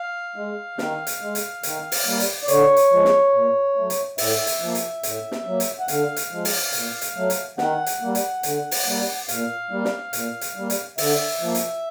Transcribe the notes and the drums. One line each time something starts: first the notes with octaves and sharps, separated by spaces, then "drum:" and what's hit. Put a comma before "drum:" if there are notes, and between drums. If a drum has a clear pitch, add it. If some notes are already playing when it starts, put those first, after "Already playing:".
Already playing: F5
G#3
D#3, drum: snare
drum: hi-hat
G#3
drum: hi-hat
D#3, drum: hi-hat
drum: open hi-hat
G3 A#3
drum: hi-hat
D5
D3 C#5, drum: hi-hat
drum: hi-hat
F3 G#3
drum: snare
A#2
F#3 A3
drum: hi-hat
A2 E5, drum: open hi-hat
drum: hi-hat
F3 A#3
drum: hi-hat
A2, drum: hi-hat
drum: snare
F#3 A#3
drum: hi-hat
F#5
D3 F5, drum: hi-hat
drum: hi-hat
F3 G#3
drum: open hi-hat
A#2, drum: hi-hat
drum: hi-hat
F#3 A3
drum: hi-hat
D#3 F#5, drum: snare
drum: hi-hat
G3 A#3
drum: hi-hat
D3, drum: hi-hat
drum: open hi-hat
G3 A#3
A#2 F5, drum: hi-hat
G3 A#3
drum: snare
A#2, drum: hi-hat
drum: hi-hat
G3 A#3
drum: hi-hat
D3 E5, drum: open hi-hat
F3 A#3
drum: hi-hat